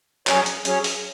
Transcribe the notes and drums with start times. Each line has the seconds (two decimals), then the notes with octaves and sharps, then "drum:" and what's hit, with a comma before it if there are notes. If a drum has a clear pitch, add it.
0.27 F#3 C#4 G#4 C#5, drum: clap
0.46 drum: hi-hat
0.65 F#3 C#4 G#4 C#5, drum: hi-hat
0.84 drum: open hi-hat